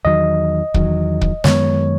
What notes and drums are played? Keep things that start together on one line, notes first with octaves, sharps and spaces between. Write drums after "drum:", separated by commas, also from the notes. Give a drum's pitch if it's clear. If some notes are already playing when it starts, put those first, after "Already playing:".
E2 D#3 F#3 D#5
E2 D#3 F#3, drum: kick
drum: kick
F#2 D#3 G#3 B3 C#5, drum: snare